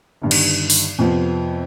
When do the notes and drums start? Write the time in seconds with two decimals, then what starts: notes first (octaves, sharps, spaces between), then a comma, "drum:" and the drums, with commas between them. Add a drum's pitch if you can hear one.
0.22 G1 G2 D#3
0.31 drum: cymbal
0.70 drum: open hi-hat
0.99 F2 C3 F3 B3